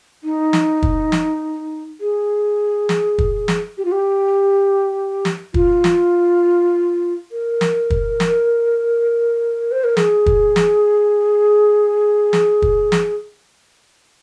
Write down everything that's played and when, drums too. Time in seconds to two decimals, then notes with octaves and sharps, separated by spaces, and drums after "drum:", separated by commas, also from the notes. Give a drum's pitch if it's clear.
0.24 D#4
0.53 drum: snare
0.83 drum: kick
1.12 drum: snare
2.00 G#4
2.89 drum: snare
3.18 drum: kick
3.48 drum: snare
3.78 G4
3.85 F4
3.92 G4
5.25 drum: snare
5.54 F4, drum: kick
5.84 drum: snare
7.32 A#4
7.61 drum: snare
7.90 drum: kick
8.20 drum: snare
9.72 C5
9.84 A#4
9.97 G#4, drum: snare
10.26 drum: kick
10.56 drum: snare
12.33 drum: snare
12.62 drum: kick
12.92 drum: snare